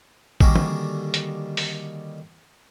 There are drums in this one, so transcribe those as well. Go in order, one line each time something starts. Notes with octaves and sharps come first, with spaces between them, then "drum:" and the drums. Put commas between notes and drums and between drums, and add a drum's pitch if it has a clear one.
D3 D#3 G3 A#3 F#4 G#4, drum: kick
drum: tom E3
drum: hi-hat
drum: open hi-hat